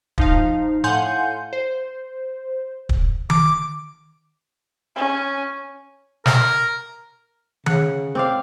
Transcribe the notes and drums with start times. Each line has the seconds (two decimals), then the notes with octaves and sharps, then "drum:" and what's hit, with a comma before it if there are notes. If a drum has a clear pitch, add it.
0.18 F3 D#4 F5, drum: kick
0.84 A2 F5 F#5 G#5 C6 G6
1.53 C5
2.89 drum: kick
3.30 D6, drum: tom D#3
4.96 C#4
6.26 A#4, drum: snare
7.66 C#3 F#5, drum: tom D#3
8.15 C4 D5 F5